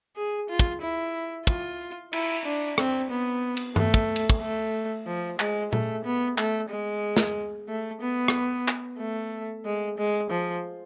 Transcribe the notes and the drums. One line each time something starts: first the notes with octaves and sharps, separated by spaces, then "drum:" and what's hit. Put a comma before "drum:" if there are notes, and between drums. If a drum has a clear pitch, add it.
G#4
F4
drum: kick
E4
F4, drum: kick
E4, drum: cymbal
D4
C4, drum: rim click
B3
drum: cymbal
A3, drum: tom G2
drum: kick
drum: cymbal
drum: kick
A3
F3
G#3, drum: clap
A3, drum: tom A#2
B3
A3, drum: clap
G#3
drum: snare
A3
B3
drum: rim click
drum: clap
A3
G#3
G#3
F3